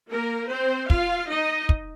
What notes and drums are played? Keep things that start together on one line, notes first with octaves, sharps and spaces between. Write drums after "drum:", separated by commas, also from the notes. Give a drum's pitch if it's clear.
A#3 A#4
C4 C5
F4 F5, drum: kick
D#4 D#5
drum: kick